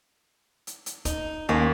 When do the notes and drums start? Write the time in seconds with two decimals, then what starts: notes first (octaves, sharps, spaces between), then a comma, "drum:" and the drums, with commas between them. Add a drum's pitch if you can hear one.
0.67 drum: hi-hat
0.86 drum: hi-hat
1.05 D#4, drum: kick, hi-hat
1.49 D#2 A#3 C#4